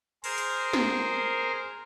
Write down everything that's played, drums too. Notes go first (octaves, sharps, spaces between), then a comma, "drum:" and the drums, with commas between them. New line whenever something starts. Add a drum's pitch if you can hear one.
G#4 A#4 C5, drum: cymbal
drum: hi-hat
drum: snare